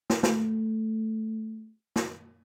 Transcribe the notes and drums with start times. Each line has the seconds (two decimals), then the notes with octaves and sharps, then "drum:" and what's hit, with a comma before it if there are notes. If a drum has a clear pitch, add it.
0.10 drum: snare
0.23 A3, drum: snare
1.96 drum: snare